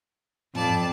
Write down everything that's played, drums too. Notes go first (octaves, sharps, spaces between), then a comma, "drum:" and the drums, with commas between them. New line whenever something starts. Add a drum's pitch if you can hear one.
F2 D5 A5, drum: tom